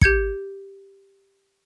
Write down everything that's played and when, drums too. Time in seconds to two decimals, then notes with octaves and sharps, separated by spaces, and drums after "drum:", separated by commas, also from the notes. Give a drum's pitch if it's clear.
0.02 G4 G6 G#6 C#7, drum: kick